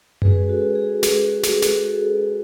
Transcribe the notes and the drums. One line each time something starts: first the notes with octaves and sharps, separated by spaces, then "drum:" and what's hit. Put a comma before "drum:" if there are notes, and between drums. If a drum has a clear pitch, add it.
G#3 C#4 F#4 G#4 B4, drum: tom F#2
F#4 A4
G#4
G#4, drum: snare
F#4
G#4, drum: snare
F#4 A4, drum: snare
G#4
F#4